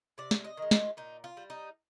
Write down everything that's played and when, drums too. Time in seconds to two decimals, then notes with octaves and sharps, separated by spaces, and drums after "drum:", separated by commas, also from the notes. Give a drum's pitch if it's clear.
0.18 C3 D5
0.31 drum: snare
0.44 D#5
0.57 D#3 G#3
0.71 F4, drum: snare
0.97 A#2 D#4
1.24 F4
1.37 G3
1.50 D#4